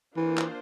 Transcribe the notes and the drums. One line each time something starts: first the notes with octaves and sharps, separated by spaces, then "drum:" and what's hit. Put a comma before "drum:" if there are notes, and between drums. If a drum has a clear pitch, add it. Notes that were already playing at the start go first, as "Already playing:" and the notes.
E3 A#3 D4 F4 C5
drum: clap